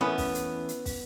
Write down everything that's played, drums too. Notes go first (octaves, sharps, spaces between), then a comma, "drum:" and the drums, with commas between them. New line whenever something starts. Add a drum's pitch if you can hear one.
E3 A3 B3 C#4
drum: kick, open hi-hat
drum: hi-hat
drum: hi-hat
drum: kick, open hi-hat